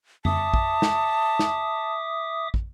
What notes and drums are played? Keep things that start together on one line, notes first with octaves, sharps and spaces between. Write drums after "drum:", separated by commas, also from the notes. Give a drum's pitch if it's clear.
E5 A5 D6 D#6, drum: tom F2
drum: kick
drum: snare
drum: snare
drum: kick